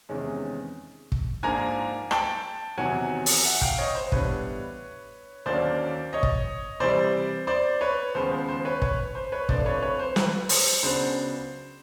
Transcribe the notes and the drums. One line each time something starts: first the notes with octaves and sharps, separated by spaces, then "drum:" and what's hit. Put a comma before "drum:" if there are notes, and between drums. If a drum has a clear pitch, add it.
E2 C3 D#3 G#3 C#4
drum: kick
G#2 F3 A#3 D4 G#5 A#5
G5 A5, drum: rim click
E2 C3 D#3 F#3 F#5 G#5
drum: open hi-hat
E5 F#5
F5 G5, drum: kick
C#5 D#5
C5
A2 E3 G3 B3 D4 B4 C#5, drum: kick
D#2 D3 F#3 A#3 C#4 C5 D5
C#5 D#5
drum: kick
C3 E3 G3 C5 D5
C5 D5
B4 C#5
D#2 C#3 F3 G#3 B3 C5
C5
C5
B4 C#5
B4 C#5, drum: kick
C5
B4 C#5
C3 F3 A3 D4 C5 D5, drum: kick
B4 C#5
B4 C#5
C5
B4, drum: snare
C5, drum: open hi-hat
C#2 C#3 F#3 B3 D4 C5